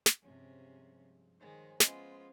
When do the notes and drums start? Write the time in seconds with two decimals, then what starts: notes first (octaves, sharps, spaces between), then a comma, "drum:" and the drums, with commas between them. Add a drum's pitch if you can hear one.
0.06 drum: snare
0.22 G2 C3 F3 G#3 C#4
1.40 D#3 G#3 C5 C#5 G#5
1.80 G#3 B3 C#4 F4 C5, drum: snare